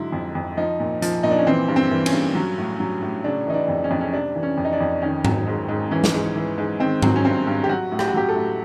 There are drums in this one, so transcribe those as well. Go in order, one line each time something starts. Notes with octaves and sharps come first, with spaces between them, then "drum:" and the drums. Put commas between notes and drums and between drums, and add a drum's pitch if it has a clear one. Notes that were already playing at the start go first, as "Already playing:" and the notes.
Already playing: G#2 D3 F#3 E4
F2
F2
F3 D#4
A#2
F3, drum: hi-hat
A#2 D#4
D4
C#4
E3 C4
G2
C4
E3
C#4, drum: cymbal
G2
F#3
A2
F#3
A2
C#3 D4
E3 D#4
D4
F2
C#4
F2 D4
C#4
C3 D4
E3
C#4
F2
D#4
D4
F2
D#3 C#4
F#3, drum: tom G#2
G#2
G#2
E3 C#4
drum: snare
G#2
E3
G#2
D#3 C4
F#3, drum: tom G#2
C#4
G2 C4
G2
G4
F#3 F#4
A2
G4, drum: rim click
F#4
F#3 G4
A4
A2